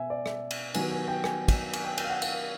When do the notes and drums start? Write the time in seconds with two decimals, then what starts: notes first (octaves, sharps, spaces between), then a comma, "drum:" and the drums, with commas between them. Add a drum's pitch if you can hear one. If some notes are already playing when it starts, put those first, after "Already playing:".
Already playing: B2 E5 G#5
0.10 D5
0.26 E5, drum: rim click
0.51 drum: cymbal
0.74 D#3 F#3 B3 G#5, drum: cymbal
0.91 G#5
1.08 G5
1.24 G#5, drum: rim click
1.48 drum: kick, cymbal
1.73 G#5, drum: cymbal
1.85 G5
1.98 G5, drum: cymbal
2.04 F5
2.10 F#5
2.22 F5, drum: cymbal